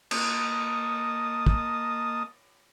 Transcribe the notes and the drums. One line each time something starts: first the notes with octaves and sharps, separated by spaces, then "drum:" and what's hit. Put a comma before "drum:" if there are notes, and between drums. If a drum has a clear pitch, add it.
A#3 D#5 A5 D#6, drum: cymbal
drum: kick